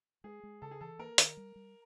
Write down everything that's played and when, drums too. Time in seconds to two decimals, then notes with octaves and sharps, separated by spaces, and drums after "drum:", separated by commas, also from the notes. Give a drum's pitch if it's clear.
0.24 G#3 G#4
0.43 G#3
0.62 C#3 A4
0.71 G#4
0.81 E3 A4
0.99 A#3 A#4
1.18 D#3, drum: hi-hat
1.37 G3
1.56 G3